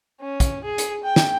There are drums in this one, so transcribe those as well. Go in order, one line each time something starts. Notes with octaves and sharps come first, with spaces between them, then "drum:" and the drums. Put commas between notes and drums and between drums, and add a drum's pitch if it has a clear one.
C#4
drum: kick, hi-hat
G#4
drum: hi-hat
G5
drum: snare